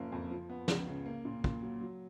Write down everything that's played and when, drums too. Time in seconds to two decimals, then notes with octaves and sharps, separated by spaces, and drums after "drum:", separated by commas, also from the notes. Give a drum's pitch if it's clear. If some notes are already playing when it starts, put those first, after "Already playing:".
Already playing: F#1 C#3 F3 A#3
0.12 F2
0.31 F3
0.50 B3
0.68 C#2, drum: snare
0.87 C#3
1.06 A#3
1.25 A#2
1.44 A#2, drum: kick
1.62 F#3
1.81 F#3